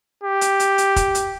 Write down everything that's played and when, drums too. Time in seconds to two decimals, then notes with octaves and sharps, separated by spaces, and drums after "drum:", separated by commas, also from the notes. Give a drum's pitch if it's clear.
0.24 G4
0.41 drum: hi-hat
0.60 drum: hi-hat
0.78 drum: hi-hat
0.96 drum: kick, hi-hat
1.15 drum: hi-hat